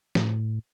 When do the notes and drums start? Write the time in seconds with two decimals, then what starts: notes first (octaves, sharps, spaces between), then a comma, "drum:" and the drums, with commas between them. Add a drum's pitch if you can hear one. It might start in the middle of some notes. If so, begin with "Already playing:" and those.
0.15 A2, drum: snare